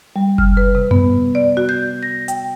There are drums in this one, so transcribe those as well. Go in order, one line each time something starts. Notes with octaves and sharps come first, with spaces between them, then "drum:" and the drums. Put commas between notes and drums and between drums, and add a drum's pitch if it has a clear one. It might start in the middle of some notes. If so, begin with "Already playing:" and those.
G3
F6, drum: kick F#1
B4
C3
B3, drum: tom F#2
D5
F#4
G6
A#6
G5, drum: hi-hat